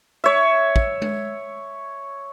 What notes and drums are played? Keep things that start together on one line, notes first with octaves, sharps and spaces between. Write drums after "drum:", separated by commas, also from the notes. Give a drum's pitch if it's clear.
C#5 E5
drum: kick
drum: tom G#3